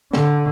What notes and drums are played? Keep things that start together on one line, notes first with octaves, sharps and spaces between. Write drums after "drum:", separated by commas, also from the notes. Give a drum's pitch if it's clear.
D3, drum: snare